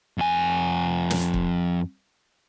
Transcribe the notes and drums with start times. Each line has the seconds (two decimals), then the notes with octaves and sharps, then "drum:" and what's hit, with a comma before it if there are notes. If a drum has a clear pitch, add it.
0.18 F2 G#5
1.10 drum: snare
1.34 drum: kick